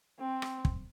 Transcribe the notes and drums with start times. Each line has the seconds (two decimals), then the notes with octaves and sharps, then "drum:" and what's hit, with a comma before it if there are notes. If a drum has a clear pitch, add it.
0.19 C4
0.42 drum: rim click
0.65 drum: kick